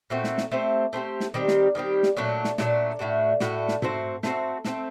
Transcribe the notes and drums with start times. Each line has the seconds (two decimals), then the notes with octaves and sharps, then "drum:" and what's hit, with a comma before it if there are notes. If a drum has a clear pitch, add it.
0.10 A#2 A3 C4 F#4
0.24 drum: snare
0.38 drum: snare
0.52 A3 C4 G4 C5
0.93 A3 C4 G4 C5
1.20 drum: snare
1.34 D#3 G3 C4 G4
1.48 drum: snare
1.75 D#3 G3 C4 G4
2.03 drum: snare
2.17 A#2 F#3 A3 D4
2.44 drum: snare
2.58 A#2 F#3 A3 D4, drum: snare
2.99 A2 A3 D4 F#4
3.40 A2 A3 D4 F#4, drum: snare
3.68 drum: snare
3.82 A3 C4 F#4 C5, drum: tom G#2
4.23 A3 C4 F#4 C5, drum: snare
4.64 A3 C4 F#4 A4, drum: snare